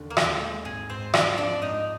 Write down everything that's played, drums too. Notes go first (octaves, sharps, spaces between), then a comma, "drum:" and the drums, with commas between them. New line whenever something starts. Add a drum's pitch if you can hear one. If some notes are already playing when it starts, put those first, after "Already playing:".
Already playing: D#2 D3
A#3
D#2 C4, drum: rim click
G#3
G#1 G#4
G#2 C4 C5
C4 D4 D5, drum: rim click
F3 D4 D5
G#2 D#4 D#5